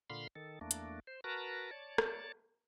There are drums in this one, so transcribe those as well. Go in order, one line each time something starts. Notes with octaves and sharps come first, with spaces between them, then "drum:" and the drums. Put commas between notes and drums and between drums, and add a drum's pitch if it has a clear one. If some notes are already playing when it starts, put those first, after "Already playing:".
A#2 D3 F5 B5 C6
D#3 A4
E2 A3 A#3 D4
drum: hi-hat
C5
F#4 A#4 B4 A5 A#5
C#5 D5 A5
drum: rim click